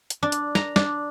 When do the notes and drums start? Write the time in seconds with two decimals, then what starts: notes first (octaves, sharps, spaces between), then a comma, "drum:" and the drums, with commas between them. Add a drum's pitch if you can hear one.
0.10 drum: hi-hat
0.23 D4
0.32 drum: hi-hat
0.55 A#5, drum: snare
0.76 D4, drum: snare